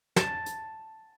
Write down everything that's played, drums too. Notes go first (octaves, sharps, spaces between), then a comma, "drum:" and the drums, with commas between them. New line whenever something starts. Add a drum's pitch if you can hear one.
A5, drum: snare
drum: hi-hat